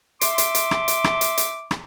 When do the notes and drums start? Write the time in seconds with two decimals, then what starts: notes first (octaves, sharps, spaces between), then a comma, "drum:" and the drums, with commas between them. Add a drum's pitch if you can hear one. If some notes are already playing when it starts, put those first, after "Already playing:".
0.21 E5 C6 D6, drum: hi-hat
0.38 drum: hi-hat
0.55 drum: hi-hat
0.71 drum: rim click
0.88 drum: hi-hat
1.04 drum: rim click
1.21 drum: hi-hat
1.38 drum: hi-hat
1.71 drum: rim click